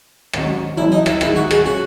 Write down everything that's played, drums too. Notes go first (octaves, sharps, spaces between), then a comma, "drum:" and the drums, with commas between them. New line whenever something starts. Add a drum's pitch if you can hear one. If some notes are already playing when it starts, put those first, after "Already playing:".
G#1 G#2 D#3 F#3 C#4, drum: rim click
F#1 F#2 E3 E4
D#4
E4, drum: rim click
G#2 D#3 G#3 D#4 E4, drum: rim click
F#4
G#4, drum: rim click
B2 F#3 C#4 F#4